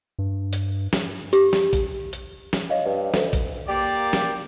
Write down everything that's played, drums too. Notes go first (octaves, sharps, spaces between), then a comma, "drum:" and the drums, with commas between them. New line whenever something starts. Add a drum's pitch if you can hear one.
G2
drum: hi-hat
drum: snare
G4, drum: hi-hat
drum: snare
drum: kick A#1, hi-hat
drum: hi-hat
drum: snare
C#5 D#5 F5
G2
D2, drum: snare
drum: kick A#1, hi-hat
A#3 G4 D5
drum: snare